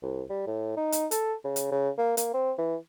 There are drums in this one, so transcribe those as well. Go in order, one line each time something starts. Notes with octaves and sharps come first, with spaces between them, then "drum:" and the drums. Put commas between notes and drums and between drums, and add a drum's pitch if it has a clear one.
C2
G3
A2
D#4
drum: hi-hat
A4, drum: hi-hat
C#3
drum: hi-hat
C#3
A#3
A#3, drum: hi-hat
C4
E3